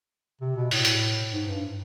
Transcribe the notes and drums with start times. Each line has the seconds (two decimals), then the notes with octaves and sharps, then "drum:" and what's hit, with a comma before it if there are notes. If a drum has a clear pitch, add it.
0.41 C3
0.57 B2
0.71 A2, drum: open hi-hat
0.85 drum: hi-hat
1.33 G#2
1.48 G2